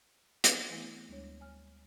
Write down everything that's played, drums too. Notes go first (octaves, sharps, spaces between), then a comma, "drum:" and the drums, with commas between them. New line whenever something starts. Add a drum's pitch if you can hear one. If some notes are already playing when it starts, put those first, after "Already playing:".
C4 D4, drum: hi-hat
E3 A3 B3 E4 G#5
D2 G3 G#3 D4 C#5
C#5 G#5 F6